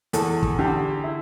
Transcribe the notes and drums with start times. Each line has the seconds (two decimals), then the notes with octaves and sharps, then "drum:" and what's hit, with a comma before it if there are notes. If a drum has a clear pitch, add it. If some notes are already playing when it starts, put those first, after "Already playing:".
0.13 E2 A4, drum: hi-hat
0.43 drum: kick
0.59 D3 G4
1.04 E4